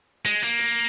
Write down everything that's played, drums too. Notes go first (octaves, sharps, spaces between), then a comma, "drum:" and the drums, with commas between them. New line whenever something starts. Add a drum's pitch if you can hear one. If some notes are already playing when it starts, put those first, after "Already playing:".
G#3, drum: hi-hat
A#3, drum: hi-hat
drum: hi-hat